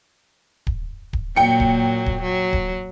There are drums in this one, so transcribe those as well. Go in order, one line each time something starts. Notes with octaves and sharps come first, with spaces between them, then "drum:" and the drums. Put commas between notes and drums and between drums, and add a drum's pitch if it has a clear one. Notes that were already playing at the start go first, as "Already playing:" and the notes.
drum: kick D1
drum: kick D1
A#2 F#3 A#3 G5 C#7
drum: kick D1
drum: kick D1
F#3
drum: kick D1